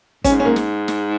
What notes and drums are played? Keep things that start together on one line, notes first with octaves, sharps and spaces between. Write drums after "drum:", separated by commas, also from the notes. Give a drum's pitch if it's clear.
G#2 C#4, drum: kick, hi-hat
C#4
A#3
drum: snare
drum: snare